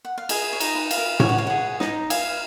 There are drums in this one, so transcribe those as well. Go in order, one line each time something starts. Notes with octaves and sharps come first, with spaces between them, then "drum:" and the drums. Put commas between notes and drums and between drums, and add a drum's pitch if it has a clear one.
F#5
F5
G#4 D#5, drum: cymbal
C#5
D#4, drum: cymbal
B4
F5, drum: cymbal
A#4
C#5 G#5, drum: tom A2
F#5
F5
G#4 F#5
D#4, drum: snare
F5 G#5, drum: cymbal